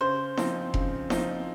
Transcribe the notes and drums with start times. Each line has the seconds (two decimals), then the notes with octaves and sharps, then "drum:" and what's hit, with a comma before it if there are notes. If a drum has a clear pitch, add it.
0.01 C#3 C5
0.37 F3 C4 D#4, drum: snare E4
0.74 C#3, drum: kick F1
1.10 F3 C4 D#4, drum: snare E4